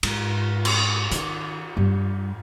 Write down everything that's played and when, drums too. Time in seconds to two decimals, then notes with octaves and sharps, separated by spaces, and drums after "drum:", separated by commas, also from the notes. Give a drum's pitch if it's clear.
0.03 G#2, drum: cymbal
0.65 drum: cymbal
1.11 D#3, drum: hi-hat
1.77 G2 G3